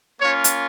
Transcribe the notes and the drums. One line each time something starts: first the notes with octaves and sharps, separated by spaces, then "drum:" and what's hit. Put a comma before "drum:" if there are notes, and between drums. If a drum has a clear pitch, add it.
A#3 C#4 F4 C#5
drum: hi-hat